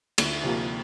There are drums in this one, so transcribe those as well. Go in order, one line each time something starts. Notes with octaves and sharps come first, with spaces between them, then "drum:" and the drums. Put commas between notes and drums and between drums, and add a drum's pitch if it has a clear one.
D2, drum: cymbal
C3 F3 A#3